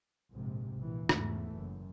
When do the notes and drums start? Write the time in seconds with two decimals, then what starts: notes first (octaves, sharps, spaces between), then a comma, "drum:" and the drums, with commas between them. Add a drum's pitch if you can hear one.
0.33 A#1 G#2 C3
0.77 A#1 E3
1.09 E2 G#2 C#3 E3 A3, drum: rim click
1.54 F#1 F#2 A#2